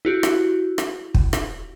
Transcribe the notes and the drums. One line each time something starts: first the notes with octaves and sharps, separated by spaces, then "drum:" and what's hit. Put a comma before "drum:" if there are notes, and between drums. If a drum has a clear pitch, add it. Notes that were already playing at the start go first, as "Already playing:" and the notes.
E4 F#4 G4
drum: rim click
drum: rim click
drum: kick
drum: rim click